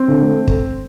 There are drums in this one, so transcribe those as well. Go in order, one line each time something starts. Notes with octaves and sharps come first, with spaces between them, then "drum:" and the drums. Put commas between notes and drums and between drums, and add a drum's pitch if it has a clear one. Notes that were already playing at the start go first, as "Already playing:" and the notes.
Already playing: C4
D3
A3
drum: kick